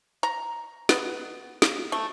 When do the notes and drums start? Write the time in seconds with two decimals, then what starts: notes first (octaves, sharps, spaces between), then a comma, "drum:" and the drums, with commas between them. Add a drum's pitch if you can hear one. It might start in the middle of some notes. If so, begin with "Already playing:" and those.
0.23 A#5
0.89 B3, drum: snare
1.62 drum: snare
1.92 A3